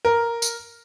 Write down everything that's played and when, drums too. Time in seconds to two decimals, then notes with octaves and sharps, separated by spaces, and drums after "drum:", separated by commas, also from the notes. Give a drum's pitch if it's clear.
0.05 A#4
0.42 drum: tambourine